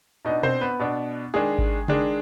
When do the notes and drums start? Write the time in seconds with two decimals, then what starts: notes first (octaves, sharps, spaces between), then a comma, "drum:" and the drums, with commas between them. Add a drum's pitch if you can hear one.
0.25 B2 B3 D4 D#4 D#5
0.43 C4 C5, drum: tom B2
0.61 B3 B4
0.79 B2 B3 D4
1.34 D#3 G#3 D4 G#4
1.58 drum: kick G#1
1.88 D#3 G#3 D4, drum: tom C#3